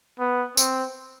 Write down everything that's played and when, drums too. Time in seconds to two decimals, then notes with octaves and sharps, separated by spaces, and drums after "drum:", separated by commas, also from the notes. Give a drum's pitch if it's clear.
0.20 B3
0.57 C4, drum: tambourine